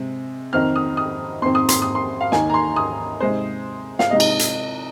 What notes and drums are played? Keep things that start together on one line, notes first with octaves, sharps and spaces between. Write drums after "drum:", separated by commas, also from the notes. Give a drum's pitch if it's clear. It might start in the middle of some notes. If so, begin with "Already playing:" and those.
Already playing: C3 G#3
F2 D#3 C4 D#4 F6
D#6
D#6
F2 D#3 C4 C6
D#6
C6, drum: hi-hat
D#6
C6
F5
D#2 D#3 A#3 D#4 G#5, drum: snare
A#5
C6
D#6
C3 G#3 D#4 C5
F5, drum: snare
C3 G#3 D#4 D#5
drum: cymbal
drum: hi-hat